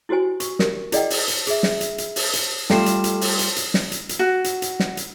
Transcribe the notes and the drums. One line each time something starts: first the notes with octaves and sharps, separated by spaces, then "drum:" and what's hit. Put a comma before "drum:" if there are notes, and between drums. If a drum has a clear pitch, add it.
E4 F#4 G4 C5 G#5
C#6, drum: hi-hat
G4 A#4, drum: snare
E4 G#4 D5 D#5 F#5 G5, drum: hi-hat
drum: open hi-hat
drum: hi-hat
G#4 E5, drum: hi-hat
drum: snare
drum: hi-hat
drum: hi-hat
drum: open hi-hat
drum: hi-hat
G3 A3 F4 A4 C7 E7, drum: snare
drum: hi-hat
drum: hi-hat
drum: open hi-hat
drum: hi-hat
drum: hi-hat
drum: snare
drum: hi-hat
drum: hi-hat
F#4
drum: hi-hat
drum: hi-hat
drum: snare
drum: hi-hat